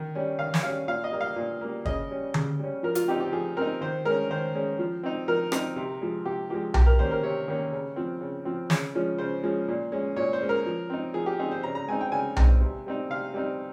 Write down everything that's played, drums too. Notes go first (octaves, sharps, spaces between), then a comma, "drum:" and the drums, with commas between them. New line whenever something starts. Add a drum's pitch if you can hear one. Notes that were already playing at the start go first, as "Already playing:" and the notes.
Already playing: D#3
G3 C#4
D#3 F5
drum: snare
G3 C#4 F5
A#2 F5
D#5
G3 A#3
F5
A#2
G3 A#3
C#3 D#5, drum: kick
G3 C#4
C#3, drum: tom D3
G3 C#4
F3 A#4
F4, drum: hi-hat
C4 D#4 G4
G4
F3 G#4
C4 D#4 A#4
D#3 C5
G#3 C#4 A#4
D#3 C5
G#3 C#4
F3
C4 D#4
F3 A#4
C4 D#4, drum: rim click
C3
F3 G#3
C3 G4
F3 G#3 G4
C3 G4, drum: tom B1
A#4
D#3 A#3 C#4 C5
A#4
C3 C#5
D#3 A#3 C#4
C#3
F3 C4
C#3
F3 C4
C#3, drum: snare
F3 G#3 C#4
C#3 C5
F3 G#3 C#4
A#2
G#3 C#4
A#2 C#5
C5
G#3 C#4
A#4
F3
C4 D#4
F3 G#4
G4
C4 D#4 G#4
C5
C#3 A#5
A#5
G#3 C4 D#4 G#5
G5
C#3 G#5
G#3 C4 D#4, drum: tom B1
C3
G3 C4 D#4
C3 F5
G3 C4 D#4